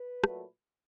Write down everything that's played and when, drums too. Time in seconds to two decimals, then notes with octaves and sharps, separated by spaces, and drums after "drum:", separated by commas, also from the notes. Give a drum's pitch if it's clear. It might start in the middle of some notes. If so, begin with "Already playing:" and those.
Already playing: B4
0.24 A#2 F#3 A3, drum: rim click